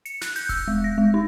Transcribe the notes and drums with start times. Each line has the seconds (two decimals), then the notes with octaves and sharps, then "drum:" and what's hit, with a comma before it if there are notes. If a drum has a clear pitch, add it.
0.05 C#7, drum: hi-hat
0.21 F#6, drum: snare
0.36 G6, drum: open hi-hat
0.49 E6, drum: kick E1, hi-hat
0.68 G#3
0.84 A#6
0.98 G#3
1.14 D#4